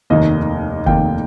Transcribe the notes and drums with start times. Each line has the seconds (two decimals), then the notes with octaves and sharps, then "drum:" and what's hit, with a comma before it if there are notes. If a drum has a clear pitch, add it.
0.10 F1 D#2 D#3 A#3 D#5
0.86 F1 D#2 D#3 A#3 G5, drum: kick F#1